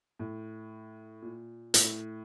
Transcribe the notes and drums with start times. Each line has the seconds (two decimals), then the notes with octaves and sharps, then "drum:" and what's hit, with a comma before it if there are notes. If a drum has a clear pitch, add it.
0.19 A2
1.22 A#2
1.74 A2, drum: hi-hat